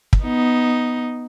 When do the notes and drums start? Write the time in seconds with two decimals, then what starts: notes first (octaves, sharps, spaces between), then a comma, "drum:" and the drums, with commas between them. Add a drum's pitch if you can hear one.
0.13 drum: kick
0.23 B3 D#4